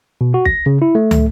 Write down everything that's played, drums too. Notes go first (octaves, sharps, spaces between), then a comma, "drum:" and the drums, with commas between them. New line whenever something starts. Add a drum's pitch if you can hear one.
B2
F#4
A#6, drum: kick
C#3
E4
A3
drum: tom